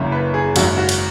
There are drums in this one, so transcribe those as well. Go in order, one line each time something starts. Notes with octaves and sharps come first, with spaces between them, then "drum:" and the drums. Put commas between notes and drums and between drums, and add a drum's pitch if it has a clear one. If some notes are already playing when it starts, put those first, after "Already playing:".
Already playing: F#1 F#2 C#3
B4
G#4
G#1 F#2 C#3 F#4, drum: cymbal
F#4
drum: cymbal